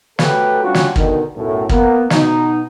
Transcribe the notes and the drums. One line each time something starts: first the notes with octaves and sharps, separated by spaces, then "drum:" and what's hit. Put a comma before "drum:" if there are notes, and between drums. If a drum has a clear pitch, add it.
F#3 A3 G4 A4 B4, drum: snare
G3 C#4 D4 F4 F#4
drum: snare
B2 D3 D#3, drum: kick
B1 F#2 A2
A#3 B3, drum: kick
B2 D#4, drum: snare